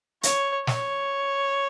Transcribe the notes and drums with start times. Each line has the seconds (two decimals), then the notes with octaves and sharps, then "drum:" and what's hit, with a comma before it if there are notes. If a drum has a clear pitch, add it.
0.23 C#5, drum: hi-hat
0.67 C#5, drum: snare